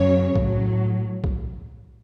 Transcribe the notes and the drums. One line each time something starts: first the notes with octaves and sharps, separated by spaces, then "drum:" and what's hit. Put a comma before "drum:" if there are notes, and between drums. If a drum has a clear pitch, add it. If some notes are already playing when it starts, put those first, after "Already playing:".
Already playing: F#2 C#3 F#3 C#5
A2 F#3, drum: kick B1
drum: kick B1